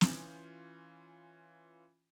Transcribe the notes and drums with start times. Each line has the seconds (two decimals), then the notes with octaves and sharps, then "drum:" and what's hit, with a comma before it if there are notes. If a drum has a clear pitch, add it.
0.01 E3 C#4 F4 G6, drum: snare